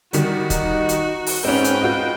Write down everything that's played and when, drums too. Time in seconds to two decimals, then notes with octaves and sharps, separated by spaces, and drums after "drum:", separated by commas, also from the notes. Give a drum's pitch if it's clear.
0.13 D#3 G3 F#4, drum: hi-hat
0.50 D#4, drum: kick C#1, hi-hat
0.89 drum: hi-hat
1.26 drum: open hi-hat
1.45 G#2 C4 C#4 B4 G5
1.64 drum: hi-hat
1.82 F4 F#4 D#5